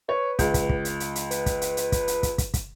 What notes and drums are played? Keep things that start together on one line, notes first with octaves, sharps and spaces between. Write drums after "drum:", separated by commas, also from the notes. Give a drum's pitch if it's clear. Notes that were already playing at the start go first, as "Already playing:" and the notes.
B4 C#5
C#2, drum: kick, hi-hat
drum: kick, hi-hat
drum: kick
drum: hi-hat
drum: hi-hat
drum: hi-hat
B4, drum: hi-hat
drum: kick, hi-hat
drum: hi-hat
drum: hi-hat
drum: kick, hi-hat
drum: hi-hat
drum: kick, hi-hat
drum: kick, hi-hat
drum: kick, hi-hat